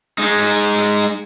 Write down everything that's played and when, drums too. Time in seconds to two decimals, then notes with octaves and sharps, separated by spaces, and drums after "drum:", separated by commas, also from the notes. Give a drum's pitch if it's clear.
0.18 G#3 D#4
0.38 drum: hi-hat
0.78 drum: hi-hat